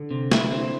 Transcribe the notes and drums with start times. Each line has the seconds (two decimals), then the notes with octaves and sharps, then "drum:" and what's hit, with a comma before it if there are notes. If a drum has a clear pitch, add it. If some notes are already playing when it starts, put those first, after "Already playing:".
Already playing: D3
0.11 C3
0.32 E4, drum: snare
0.52 C4